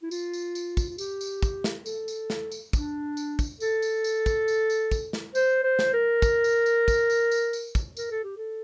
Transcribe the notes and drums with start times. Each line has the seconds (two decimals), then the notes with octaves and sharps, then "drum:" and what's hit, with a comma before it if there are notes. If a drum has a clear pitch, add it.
0.03 E4
0.11 F4, drum: tambourine
0.33 drum: tambourine
0.55 drum: tambourine
0.77 drum: kick, tambourine
0.89 F4
0.98 G4, drum: tambourine
1.21 drum: tambourine
1.43 drum: kick, tambourine
1.64 drum: snare
1.86 A4, drum: tambourine
2.08 drum: tambourine
2.30 drum: snare
2.52 drum: tambourine
2.73 D4, drum: kick, tambourine
3.17 drum: tambourine
3.39 drum: kick, tambourine
3.60 A4, drum: tambourine
3.82 drum: tambourine
4.04 drum: tambourine
4.26 drum: kick, tambourine
4.48 drum: tambourine
4.70 drum: tambourine
4.91 drum: kick, tambourine
5.13 drum: snare
5.35 C5, drum: tambourine
5.64 C5
5.79 drum: snare
5.93 A#4
6.22 drum: kick, tambourine
6.44 drum: tambourine
6.66 drum: tambourine
6.88 drum: kick, tambourine
7.10 drum: tambourine
7.31 drum: tambourine
7.53 drum: tambourine
7.75 drum: kick, tambourine
7.97 A#4, drum: tambourine
8.11 A4
8.24 G4
8.37 A4